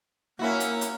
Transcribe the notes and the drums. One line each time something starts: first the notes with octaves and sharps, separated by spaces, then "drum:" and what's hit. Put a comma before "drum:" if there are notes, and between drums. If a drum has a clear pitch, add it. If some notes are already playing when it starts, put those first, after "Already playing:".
A#3 C#4 E4 F#4
drum: hi-hat
drum: hi-hat